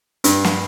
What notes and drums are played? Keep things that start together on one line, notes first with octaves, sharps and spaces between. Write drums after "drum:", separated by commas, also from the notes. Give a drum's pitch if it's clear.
G2, drum: hi-hat
drum: snare